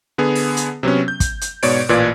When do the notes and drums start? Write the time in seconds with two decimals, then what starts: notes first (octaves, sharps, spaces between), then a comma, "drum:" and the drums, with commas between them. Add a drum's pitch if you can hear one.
0.18 D3 B3 G#4
0.35 drum: open hi-hat
0.57 drum: hi-hat
0.83 C3 F#3 B3 C#4
1.08 G6
1.20 drum: kick, hi-hat
1.41 drum: hi-hat
1.63 G#2 B2 C#5 D5 D7, drum: open hi-hat
1.89 A1 A#2 F4 B4 D5 G#6